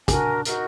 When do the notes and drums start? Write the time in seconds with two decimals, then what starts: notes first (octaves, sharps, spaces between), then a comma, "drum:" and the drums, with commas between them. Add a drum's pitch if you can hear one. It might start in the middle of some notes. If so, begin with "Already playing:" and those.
0.08 D4 F#4 A#4 G#5, drum: kick, hi-hat
0.45 D#4 F#4 A#4, drum: hi-hat